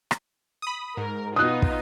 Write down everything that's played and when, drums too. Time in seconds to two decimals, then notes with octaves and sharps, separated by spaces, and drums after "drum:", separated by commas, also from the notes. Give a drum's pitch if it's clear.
0.11 drum: rim click
0.62 B5 D#6
0.97 G#2 A#4
1.36 B2 B3 D#4 F4 D#6 F#6
1.62 drum: kick